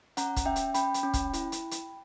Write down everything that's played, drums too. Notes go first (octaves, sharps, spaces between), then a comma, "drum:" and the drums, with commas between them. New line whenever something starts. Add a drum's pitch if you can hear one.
C#4 F#5 A#5, drum: hi-hat
drum: kick, hi-hat
C#4 E5 G5
drum: hi-hat
C#4 G5 B5, drum: hi-hat
drum: hi-hat
C#4
drum: kick, hi-hat
E4, drum: hi-hat
drum: hi-hat
drum: hi-hat